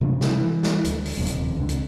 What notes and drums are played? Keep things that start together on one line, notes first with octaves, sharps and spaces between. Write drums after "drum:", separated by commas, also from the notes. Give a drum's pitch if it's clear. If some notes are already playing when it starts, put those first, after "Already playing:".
C3 F3 A3 D4
drum: snare
E3
drum: snare
D2, drum: hi-hat
drum: open hi-hat
D#1 F2 C3
drum: hi-hat
C#2 D3
drum: hi-hat